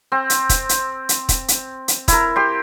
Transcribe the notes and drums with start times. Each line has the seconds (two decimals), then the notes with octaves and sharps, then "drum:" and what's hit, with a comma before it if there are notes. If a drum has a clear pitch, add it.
0.12 C4
0.30 drum: hi-hat
0.49 drum: kick, hi-hat
0.69 drum: hi-hat
1.09 drum: hi-hat
1.29 drum: kick, hi-hat
1.48 drum: hi-hat
1.88 drum: hi-hat
2.08 E4 A#4, drum: kick, hi-hat
2.36 G4 C6